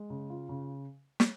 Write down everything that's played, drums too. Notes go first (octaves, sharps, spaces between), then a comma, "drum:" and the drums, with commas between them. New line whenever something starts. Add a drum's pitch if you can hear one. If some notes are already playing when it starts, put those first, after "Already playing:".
Already playing: G#3
C#3
F4
C#3
drum: snare